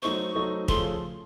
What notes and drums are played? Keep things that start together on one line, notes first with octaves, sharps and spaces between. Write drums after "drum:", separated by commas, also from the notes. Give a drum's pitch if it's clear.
F#3 A3 D#4 A4 C5 C#6
F#3 A3 D#4 A4 C5
C#3 F3 A3 C#4 A4 C6, drum: kick